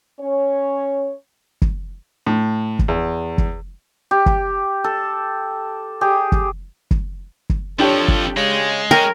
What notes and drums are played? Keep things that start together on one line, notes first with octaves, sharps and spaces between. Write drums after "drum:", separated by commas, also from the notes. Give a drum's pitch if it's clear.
C#4 C#5
drum: kick
A2
drum: kick
E2
drum: kick
G4
drum: kick
A4
G4 G#4
drum: kick
drum: kick
drum: kick
F2 F3 D4 G4 A4 C#5
drum: kick
C#3 G#3
C#4 A#4 G5